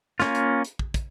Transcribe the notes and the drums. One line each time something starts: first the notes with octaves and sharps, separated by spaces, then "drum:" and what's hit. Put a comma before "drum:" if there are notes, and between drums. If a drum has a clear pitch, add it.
A#3 C#4 F4, drum: snare
drum: hi-hat
drum: hi-hat
drum: kick
drum: kick, hi-hat